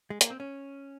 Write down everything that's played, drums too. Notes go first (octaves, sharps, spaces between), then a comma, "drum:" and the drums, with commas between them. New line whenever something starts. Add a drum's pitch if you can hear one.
G#3
A#3, drum: hi-hat
C4
C#4